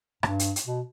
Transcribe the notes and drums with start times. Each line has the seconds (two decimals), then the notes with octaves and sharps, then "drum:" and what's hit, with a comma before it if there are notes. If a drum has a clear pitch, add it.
0.23 G2, drum: rim click
0.39 drum: hi-hat
0.56 drum: hi-hat
0.66 B2